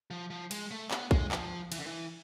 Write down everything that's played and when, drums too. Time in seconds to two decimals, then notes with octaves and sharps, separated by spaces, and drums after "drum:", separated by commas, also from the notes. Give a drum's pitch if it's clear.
0.11 F3
0.30 F3
0.51 G#3, drum: cymbal
0.71 A3
0.91 B3, drum: clap
1.11 G#3, drum: kick
1.31 F3, drum: clap
1.72 E3, drum: cymbal
1.79 D3
1.87 E3